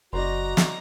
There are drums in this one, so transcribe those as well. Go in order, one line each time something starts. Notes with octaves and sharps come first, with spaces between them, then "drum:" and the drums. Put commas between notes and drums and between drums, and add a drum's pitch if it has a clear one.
F#1 F#4 C5 D5 D#5 A#5 A#6
drum: snare